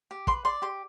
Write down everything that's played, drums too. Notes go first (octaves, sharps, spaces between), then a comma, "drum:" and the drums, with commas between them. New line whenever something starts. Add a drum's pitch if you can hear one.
G4
B4 C6, drum: kick
D5 C6
G4 C6